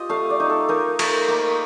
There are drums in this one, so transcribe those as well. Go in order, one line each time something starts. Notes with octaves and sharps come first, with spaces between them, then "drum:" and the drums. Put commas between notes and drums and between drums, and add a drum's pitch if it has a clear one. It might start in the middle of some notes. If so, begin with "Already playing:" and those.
Already playing: F4 G4 D#5
A3 F5
D5
D#4
A4
D#4 A#4
A3, drum: cymbal
A#3